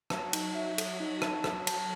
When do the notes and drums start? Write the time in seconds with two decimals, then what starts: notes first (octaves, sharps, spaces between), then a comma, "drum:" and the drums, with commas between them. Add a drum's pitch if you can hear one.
0.10 F#3 A5, drum: rim click
0.33 D#4, drum: cymbal
0.55 E5
0.78 A4, drum: cymbal
1.00 D#4
1.22 A5, drum: rim click
1.44 A4, drum: rim click
1.67 A5, drum: cymbal